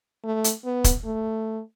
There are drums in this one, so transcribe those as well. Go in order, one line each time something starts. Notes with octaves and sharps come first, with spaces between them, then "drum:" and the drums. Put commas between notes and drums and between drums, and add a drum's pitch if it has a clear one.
A3
drum: hi-hat
B3
drum: kick, hi-hat
A3